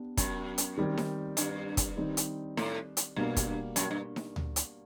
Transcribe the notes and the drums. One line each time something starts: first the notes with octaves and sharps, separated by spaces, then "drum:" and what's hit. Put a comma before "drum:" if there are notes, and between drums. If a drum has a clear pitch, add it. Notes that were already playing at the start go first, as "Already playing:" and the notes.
Already playing: B3 D4 G4
F#2, drum: kick, hi-hat
drum: hi-hat
D#3 G3 C4
drum: snare D#4
G2, drum: hi-hat
drum: kick, hi-hat
D#3 G3 C4 D#4
drum: hi-hat
A2, drum: snare D#4
drum: hi-hat
G2 B2 G3 A#3
drum: kick, hi-hat
F#2, drum: hi-hat
G2
drum: snare D#4
drum: tom D2
drum: hi-hat